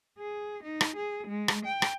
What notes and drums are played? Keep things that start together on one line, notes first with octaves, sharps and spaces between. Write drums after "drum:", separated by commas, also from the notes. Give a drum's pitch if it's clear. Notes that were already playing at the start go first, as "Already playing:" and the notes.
G#4
D#4
drum: rim click
G#4
G#3
drum: rim click
G5
drum: rim click